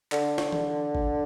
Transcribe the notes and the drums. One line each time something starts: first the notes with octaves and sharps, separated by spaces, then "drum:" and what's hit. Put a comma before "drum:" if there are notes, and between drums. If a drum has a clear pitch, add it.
D3, drum: clap
drum: snare
drum: tom E3
drum: kick G1